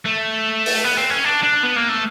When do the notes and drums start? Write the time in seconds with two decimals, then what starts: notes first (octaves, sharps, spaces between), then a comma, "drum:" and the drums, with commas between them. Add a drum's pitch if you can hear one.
0.06 A3
0.66 drum: open hi-hat
0.85 B3
0.97 C4
1.10 C#4
1.25 D4
1.43 D4
1.63 B3
1.76 A#3
1.89 A3